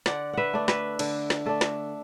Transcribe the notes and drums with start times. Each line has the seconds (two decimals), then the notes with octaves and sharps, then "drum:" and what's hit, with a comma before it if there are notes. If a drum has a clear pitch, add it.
0.06 D3 D5 F#5, drum: snare
0.33 B4 E5 F#5
0.53 A3 D4
0.68 B4 E5, drum: snare
0.99 D3, drum: cymbal
1.30 drum: snare
1.46 A3 D4 A4
1.61 drum: snare